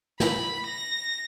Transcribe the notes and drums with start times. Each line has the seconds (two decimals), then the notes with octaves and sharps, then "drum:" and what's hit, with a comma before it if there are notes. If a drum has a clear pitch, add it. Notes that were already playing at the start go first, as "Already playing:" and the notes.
0.20 B5, drum: snare
0.66 A#6